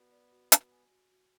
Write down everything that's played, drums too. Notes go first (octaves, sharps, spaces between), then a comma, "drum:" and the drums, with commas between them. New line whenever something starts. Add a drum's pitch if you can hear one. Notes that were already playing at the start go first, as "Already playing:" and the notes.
Already playing: B3 F#4 D5
D5
F#4
F#4, drum: hi-hat
G#5
F#4
F#4